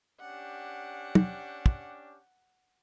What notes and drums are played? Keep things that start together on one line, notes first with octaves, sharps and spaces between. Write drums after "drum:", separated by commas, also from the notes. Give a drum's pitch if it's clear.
C#4 D4 G4 F#5
drum: tom
drum: kick